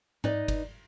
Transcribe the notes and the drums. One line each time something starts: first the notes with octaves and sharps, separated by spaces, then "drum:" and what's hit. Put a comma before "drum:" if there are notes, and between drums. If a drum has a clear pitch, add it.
D#4 B4 D5 D#5, drum: tom G#2
drum: kick G1, cymbal